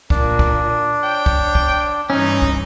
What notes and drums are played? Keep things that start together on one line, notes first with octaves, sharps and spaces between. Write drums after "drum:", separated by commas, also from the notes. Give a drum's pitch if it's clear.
A#2 A#3 D4, drum: kick
drum: kick
C#5 G5
drum: kick
drum: kick
G2 E3 C#4 D#4
drum: kick